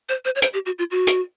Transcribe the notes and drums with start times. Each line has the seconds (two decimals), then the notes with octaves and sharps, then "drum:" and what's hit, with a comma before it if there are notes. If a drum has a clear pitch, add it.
0.09 C5
0.25 C5
0.36 C#5
0.42 C5, drum: hi-hat
0.54 G4
0.66 F#4
0.79 F4
0.91 F#4
1.07 drum: hi-hat